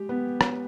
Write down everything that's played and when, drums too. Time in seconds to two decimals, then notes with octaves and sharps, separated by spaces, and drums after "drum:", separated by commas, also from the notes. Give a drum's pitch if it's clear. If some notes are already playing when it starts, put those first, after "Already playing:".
Already playing: G#3 G4
0.09 B3
0.41 drum: rim click